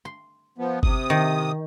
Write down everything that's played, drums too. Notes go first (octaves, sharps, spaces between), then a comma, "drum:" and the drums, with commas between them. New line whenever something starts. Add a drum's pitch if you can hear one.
C6
F3 B3
C3 D#6, drum: kick G1
D#3